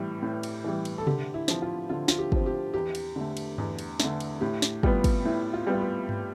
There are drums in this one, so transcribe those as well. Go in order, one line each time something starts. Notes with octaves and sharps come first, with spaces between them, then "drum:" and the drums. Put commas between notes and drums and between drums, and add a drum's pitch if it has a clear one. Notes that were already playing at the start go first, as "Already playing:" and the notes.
Already playing: A2 E3 G3
A2
drum: cymbal
E3 G3
drum: cymbal
A4
D3 G4, drum: tom C3
E4
F3 C4, drum: snare
F4
D3 F4
F4, drum: snare
G4
F3 C4, drum: kick
G4
E2 G4
drum: cymbal
D3 A3
drum: cymbal
E2, drum: tom G2
drum: cymbal
D3 A3, drum: snare
drum: cymbal
A2 G4
drum: snare
G3 B3 F4, drum: kick
drum: kick, cymbal
A2 E4
F4
G3 B3
F4
G4
drum: tom G2